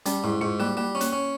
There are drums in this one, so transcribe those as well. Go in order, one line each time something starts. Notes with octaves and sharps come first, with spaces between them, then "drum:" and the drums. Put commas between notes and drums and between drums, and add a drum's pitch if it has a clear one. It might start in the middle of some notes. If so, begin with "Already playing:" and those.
G3 C#4, drum: hi-hat
G#2 E4
G#2 F4
G3 A#3
G3 A#3
C#4
A#3, drum: hi-hat
C#4